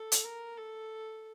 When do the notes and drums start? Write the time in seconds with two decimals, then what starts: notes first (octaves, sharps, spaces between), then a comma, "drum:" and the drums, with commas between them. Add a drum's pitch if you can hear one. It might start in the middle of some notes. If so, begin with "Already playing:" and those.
Already playing: A4
0.12 drum: hi-hat
0.24 A#4
0.57 A4